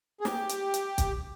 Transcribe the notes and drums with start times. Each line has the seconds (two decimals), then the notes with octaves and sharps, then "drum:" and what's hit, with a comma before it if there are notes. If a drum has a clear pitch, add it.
0.21 G#4
0.25 G4, drum: snare
0.49 drum: hi-hat
0.74 drum: hi-hat
0.98 drum: kick, hi-hat